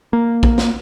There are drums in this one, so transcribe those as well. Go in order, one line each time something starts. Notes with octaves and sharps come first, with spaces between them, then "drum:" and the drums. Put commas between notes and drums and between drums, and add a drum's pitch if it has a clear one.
A#3
drum: kick
drum: snare